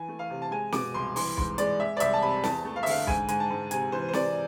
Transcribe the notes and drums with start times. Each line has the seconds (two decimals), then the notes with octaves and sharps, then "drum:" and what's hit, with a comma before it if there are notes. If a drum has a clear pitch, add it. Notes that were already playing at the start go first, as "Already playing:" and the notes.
Already playing: E3 G#5
0.08 A3
0.19 F5
0.30 C3
0.42 A5
0.51 G#3 G#5
0.72 B2 D6, drum: snare
0.94 C2 C6
1.16 E3 C6, drum: open hi-hat
1.37 G#2 C6, drum: kick
1.58 G#3 D5, drum: hi-hat
1.80 G#3 E5
1.97 D5
2.00 C2 E5, drum: hi-hat
2.13 A5
2.21 C3 B5
2.44 E2 A5, drum: snare
2.65 A3
2.76 F5
2.83 E5
2.86 D3 F5, drum: open hi-hat
3.07 G#2 G#5, drum: kick
3.28 G#2 G#5, drum: hi-hat
3.40 A5
3.50 G#2
3.71 C3 G#5, drum: hi-hat
3.92 E3 C5
4.08 C5
4.13 C3 D5, drum: snare